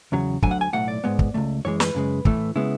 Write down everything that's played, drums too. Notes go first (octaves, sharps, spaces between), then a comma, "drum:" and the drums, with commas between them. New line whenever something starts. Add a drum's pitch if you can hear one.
E2 C#3 F#3
D2 D3 F#3 G#5, drum: kick
F#5
G#5
B1 A2 E3 A3 F#5
D5
G#2 G#3 B3
drum: kick
C#2 B2 A3
F#2 E3 G#3 C#5
B4, drum: snare
F#2 C#3 G#3
A2 E3 A3, drum: kick
C#3 G#3 B3 E4